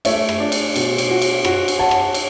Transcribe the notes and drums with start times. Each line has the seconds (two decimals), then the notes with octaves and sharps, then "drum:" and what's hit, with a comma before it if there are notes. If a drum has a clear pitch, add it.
0.05 A3 C#5 E5, drum: cymbal
0.29 drum: rim click
0.40 D4
0.52 drum: cymbal
0.76 B2, drum: cymbal
0.98 drum: cymbal
1.10 F#4
1.22 drum: cymbal
1.45 F#4, drum: rim click
1.68 drum: cymbal
1.79 C#5 F#5 A5
1.91 drum: rim click
2.14 drum: cymbal